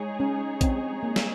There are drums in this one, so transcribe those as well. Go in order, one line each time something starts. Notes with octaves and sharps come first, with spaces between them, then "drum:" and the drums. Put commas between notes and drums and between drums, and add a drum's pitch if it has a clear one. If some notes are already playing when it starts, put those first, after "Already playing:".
Already playing: G#3 D#4 G#4 C#5
C#4
C4, drum: kick A#1, hi-hat
A#3
drum: snare